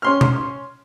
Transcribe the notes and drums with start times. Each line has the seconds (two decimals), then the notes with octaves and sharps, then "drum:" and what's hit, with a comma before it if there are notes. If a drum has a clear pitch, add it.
0.02 C#4 C6 F6
0.21 drum: tom B2